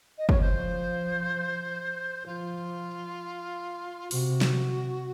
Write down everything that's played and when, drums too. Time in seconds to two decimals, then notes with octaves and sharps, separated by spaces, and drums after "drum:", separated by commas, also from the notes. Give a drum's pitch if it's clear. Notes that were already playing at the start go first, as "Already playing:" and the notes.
0.18 D#5
0.29 C#5, drum: kick
0.41 F3 C5
2.26 F3 F4
4.11 C3 F#4, drum: open hi-hat
4.41 drum: snare